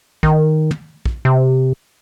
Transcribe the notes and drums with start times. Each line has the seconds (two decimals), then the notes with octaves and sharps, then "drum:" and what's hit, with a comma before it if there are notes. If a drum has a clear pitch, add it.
0.23 D#3, drum: kick
0.71 drum: tom
1.06 drum: kick
1.25 C3